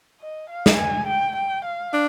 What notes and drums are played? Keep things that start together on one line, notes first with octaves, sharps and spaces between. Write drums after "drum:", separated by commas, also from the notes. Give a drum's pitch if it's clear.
D#5
F5
drum: snare
G#5
G5
G5
F5
D4